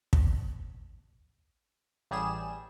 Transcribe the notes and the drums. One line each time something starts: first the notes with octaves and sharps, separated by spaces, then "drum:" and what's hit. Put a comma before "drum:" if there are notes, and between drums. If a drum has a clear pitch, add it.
drum: kick
A1 G3 G#4 E7